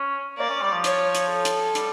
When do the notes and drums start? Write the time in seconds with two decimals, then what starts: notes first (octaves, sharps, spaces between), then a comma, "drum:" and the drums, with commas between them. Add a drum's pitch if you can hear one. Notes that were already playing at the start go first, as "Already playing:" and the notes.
Already playing: C#4
0.38 A#3 D5
0.50 C#4
0.62 G3
0.72 F3
0.84 C#5, drum: hi-hat
1.15 drum: hi-hat
1.30 A4
1.45 drum: hi-hat
1.75 G3, drum: hi-hat